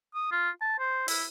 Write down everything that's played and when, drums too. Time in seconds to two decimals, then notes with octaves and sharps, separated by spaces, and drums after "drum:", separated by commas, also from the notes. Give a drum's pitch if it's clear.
0.15 D#6
0.32 F4
0.61 A5
0.79 C5
1.08 E4, drum: open hi-hat